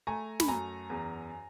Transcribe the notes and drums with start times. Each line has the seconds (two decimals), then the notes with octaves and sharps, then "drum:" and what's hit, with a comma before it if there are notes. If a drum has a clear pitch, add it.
0.07 A3 G#5 A#5
0.40 B5, drum: snare
0.48 F#2 G#5 A#5
0.90 E2